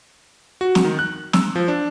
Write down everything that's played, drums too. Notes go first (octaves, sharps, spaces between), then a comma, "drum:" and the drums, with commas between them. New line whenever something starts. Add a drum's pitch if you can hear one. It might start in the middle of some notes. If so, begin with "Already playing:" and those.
F#4
drum: snare
D#3
F#6
E6, drum: snare
F3
D4